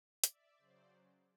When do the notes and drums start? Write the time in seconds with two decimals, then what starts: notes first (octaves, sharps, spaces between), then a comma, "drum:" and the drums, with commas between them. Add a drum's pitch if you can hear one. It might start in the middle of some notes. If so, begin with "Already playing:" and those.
0.24 D5 E5, drum: hi-hat
0.58 C#3 F#3 C5 D5